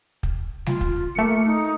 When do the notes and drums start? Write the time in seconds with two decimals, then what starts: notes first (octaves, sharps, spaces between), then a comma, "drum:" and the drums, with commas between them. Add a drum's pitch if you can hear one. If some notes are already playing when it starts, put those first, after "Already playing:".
0.23 drum: kick
0.66 F4, drum: snare
0.81 drum: kick
1.15 A3 A#3 C#7
1.45 D#4